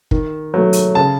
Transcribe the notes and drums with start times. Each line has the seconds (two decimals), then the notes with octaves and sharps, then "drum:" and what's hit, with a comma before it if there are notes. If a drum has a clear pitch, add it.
0.11 D#3, drum: kick
0.54 F#3 A3
0.73 drum: hi-hat
0.95 C#3 A5